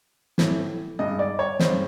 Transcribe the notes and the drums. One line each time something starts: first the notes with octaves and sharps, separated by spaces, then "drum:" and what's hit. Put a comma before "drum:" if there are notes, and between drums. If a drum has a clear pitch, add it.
A2 E3 A3, drum: snare
G2 D#3 G#3 D#5
D5
C#5
G2 D#3 G#3 C5, drum: snare